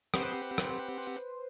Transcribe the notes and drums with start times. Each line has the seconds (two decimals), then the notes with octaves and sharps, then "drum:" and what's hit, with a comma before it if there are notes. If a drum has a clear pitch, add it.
0.14 C4 G4 B4 C5 F#5, drum: rim click
0.58 drum: rim click
1.02 drum: tambourine